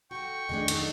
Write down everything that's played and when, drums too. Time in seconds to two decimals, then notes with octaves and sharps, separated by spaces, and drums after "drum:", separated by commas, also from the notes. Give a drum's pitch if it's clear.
0.11 F#4 A4 G5 C#6
0.49 F2 D#3 A3 D4 G#4 D#5
0.68 F#3 D#4 A4, drum: cymbal